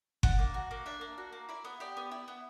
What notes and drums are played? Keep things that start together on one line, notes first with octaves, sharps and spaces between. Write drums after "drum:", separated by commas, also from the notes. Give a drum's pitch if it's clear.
D4 F#5, drum: kick G1
A#3
F#4
A#3
D4 E5
A#3
F#4
A#3
E4 D5
B3
G4 D5
B3
E4
B3